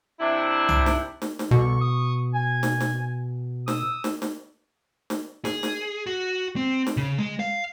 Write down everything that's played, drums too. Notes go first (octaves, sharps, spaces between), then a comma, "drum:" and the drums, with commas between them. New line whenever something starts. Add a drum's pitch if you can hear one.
C3 D4 E4
drum: tom C2
drum: snare
drum: snare
drum: snare
C2 B2 D3 C#6
C#6 D#6
G#5
drum: snare
drum: snare
D#6 E6, drum: snare
drum: snare
drum: snare
drum: snare
G#4, drum: snare
drum: snare
F#4
C4
drum: snare
C#3
G#3
F5